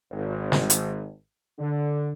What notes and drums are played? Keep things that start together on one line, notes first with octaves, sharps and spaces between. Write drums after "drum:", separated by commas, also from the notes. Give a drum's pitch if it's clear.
G#1
drum: snare
drum: hi-hat
D3